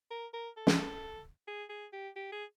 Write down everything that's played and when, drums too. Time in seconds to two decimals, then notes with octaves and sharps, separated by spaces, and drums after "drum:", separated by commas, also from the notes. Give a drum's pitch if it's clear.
0.11 A#4
0.33 A#4
0.57 A4
0.67 drum: snare
1.48 G#4
1.70 G#4
1.93 G4
2.16 G4
2.32 G#4